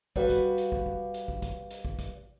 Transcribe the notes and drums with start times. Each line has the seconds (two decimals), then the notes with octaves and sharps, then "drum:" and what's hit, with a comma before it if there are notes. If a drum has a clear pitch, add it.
0.16 G3 F#4 B4 F5, drum: kick
0.30 drum: kick, hi-hat
0.58 drum: hi-hat
0.72 drum: kick
0.86 drum: kick
1.14 drum: hi-hat
1.28 drum: kick
1.42 drum: kick, hi-hat
1.71 drum: hi-hat
1.85 drum: kick
1.99 drum: kick, hi-hat